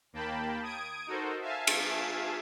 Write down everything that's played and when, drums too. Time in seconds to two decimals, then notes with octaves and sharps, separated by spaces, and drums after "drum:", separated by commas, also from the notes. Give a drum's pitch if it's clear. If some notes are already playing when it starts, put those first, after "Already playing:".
0.13 D#2 A#3 G5 A5 B5
0.63 D#6 G#6 D7
1.07 D#4 F#4 A4 A#4 C5
1.41 E5 F5 G#5 A5
1.67 drum: cymbal